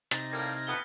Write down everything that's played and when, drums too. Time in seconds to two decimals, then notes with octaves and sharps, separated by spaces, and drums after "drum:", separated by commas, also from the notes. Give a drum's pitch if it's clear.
0.11 C3 D#4 A#5 A6, drum: hi-hat
0.31 A2 G3 A#3 F6 G#6 A#6
0.67 F2 A3 B3 D#6 G7